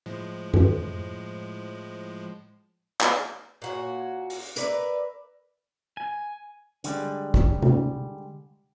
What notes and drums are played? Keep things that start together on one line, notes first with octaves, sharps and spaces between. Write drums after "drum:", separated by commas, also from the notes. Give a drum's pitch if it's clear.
A2 F3 G#3
drum: tom F#2
drum: clap
A#2 F#4 C#5
drum: open hi-hat
A#4 B4 D5 E5, drum: hi-hat
G#5
D3 G3 G#3, drum: hi-hat
drum: kick
drum: tom C3